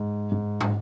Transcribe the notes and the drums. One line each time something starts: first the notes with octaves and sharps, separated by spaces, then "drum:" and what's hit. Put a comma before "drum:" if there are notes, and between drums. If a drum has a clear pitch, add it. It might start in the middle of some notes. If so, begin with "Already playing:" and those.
Already playing: G#2
G#2
drum: tom